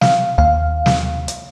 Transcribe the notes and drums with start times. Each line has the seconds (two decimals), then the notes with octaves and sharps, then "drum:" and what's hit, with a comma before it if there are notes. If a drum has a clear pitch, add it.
0.01 F5, drum: snare
0.38 D#2 F5
0.86 drum: snare
1.28 drum: hi-hat